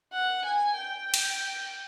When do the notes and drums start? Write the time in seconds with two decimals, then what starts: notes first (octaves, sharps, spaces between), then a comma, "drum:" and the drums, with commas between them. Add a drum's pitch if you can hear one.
0.13 F#5
0.45 G#5
0.76 G5
1.14 drum: cymbal